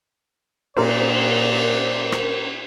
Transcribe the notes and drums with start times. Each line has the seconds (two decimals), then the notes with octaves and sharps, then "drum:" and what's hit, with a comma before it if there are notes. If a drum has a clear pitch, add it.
0.77 A#2 A#4 C5 D5, drum: cymbal
2.12 drum: rim click